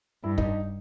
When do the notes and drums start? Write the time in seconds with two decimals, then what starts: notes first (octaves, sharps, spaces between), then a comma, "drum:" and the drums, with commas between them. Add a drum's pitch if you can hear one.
0.24 G2 E4
0.38 D#4, drum: kick